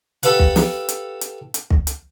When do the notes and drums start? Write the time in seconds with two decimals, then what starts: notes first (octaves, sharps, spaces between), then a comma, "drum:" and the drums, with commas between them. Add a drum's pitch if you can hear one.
0.23 G4 A4 B4 F5 F#5, drum: hi-hat
0.39 drum: kick
0.56 drum: snare
0.89 drum: hi-hat
1.21 drum: hi-hat
1.54 drum: hi-hat
1.70 drum: kick
1.87 drum: hi-hat